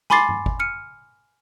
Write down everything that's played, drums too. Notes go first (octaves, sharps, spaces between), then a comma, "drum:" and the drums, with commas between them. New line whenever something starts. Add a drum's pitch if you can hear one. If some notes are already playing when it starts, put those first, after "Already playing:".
G#5 B5 C6 D6 A6 C7, drum: snare
drum: tom G2
drum: kick
F6 C#7 D#7